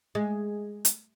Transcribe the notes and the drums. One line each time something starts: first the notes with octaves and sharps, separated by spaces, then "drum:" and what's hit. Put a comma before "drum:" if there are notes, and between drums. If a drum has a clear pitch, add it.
G#3
drum: hi-hat